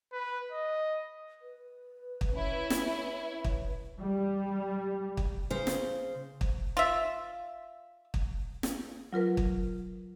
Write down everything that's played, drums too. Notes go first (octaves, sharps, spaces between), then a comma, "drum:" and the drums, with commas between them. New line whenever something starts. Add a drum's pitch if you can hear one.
B4
D#5
B4
drum: kick
C#4 E4
drum: snare
drum: kick
G3
drum: kick
C#3 C5
drum: snare
drum: kick
F4 E5
drum: kick
drum: snare
F#3 F4 A#4 B4
drum: kick